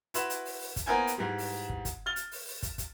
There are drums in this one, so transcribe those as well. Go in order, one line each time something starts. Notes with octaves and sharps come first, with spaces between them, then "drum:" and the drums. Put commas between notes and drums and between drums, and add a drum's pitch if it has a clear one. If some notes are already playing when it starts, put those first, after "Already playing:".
E4 F#4 B4 B5 C6 E7, drum: hi-hat
drum: hi-hat
drum: open hi-hat
drum: open hi-hat
drum: kick, hi-hat
A#3 B3 E4 A#4 C5 G#5
drum: hi-hat
G#2 E3 G3
drum: open hi-hat
drum: kick
drum: kick, hi-hat
F6 A6 G7
drum: hi-hat
drum: open hi-hat
drum: open hi-hat
drum: kick, hi-hat
drum: kick, hi-hat